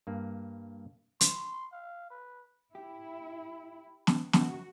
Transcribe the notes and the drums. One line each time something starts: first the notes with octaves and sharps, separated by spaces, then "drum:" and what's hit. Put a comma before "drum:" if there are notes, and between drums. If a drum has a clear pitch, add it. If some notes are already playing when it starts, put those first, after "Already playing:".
G2 A#3
C6, drum: hi-hat
F5
B4
E4 G4
drum: snare
F#2 C#3 F#4 A#4, drum: snare